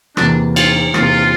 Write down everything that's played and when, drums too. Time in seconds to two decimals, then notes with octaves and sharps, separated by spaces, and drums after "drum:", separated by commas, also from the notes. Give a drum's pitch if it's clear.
0.17 E2 C3 E3 A#3 D4, drum: rim click
0.56 F4, drum: cymbal
0.94 E2 C3 E3 A#3 F4, drum: rim click